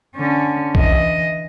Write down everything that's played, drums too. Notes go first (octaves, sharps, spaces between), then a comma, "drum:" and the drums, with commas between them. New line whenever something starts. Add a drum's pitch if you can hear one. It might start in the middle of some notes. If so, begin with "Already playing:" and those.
D3 C#4
E3 D#5, drum: kick